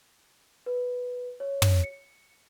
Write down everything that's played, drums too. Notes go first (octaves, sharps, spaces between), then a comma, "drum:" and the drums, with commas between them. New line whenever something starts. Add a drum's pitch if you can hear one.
B4
C#5
drum: tom
C#7